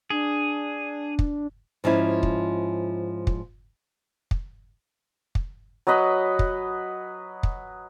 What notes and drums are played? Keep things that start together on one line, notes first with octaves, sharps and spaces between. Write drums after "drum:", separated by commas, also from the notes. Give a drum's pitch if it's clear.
D4 G#4
drum: kick
G#2 F3 C#4 E4
drum: kick
drum: kick
drum: kick
drum: kick
F#3 B4 D#5 B5
drum: kick
drum: kick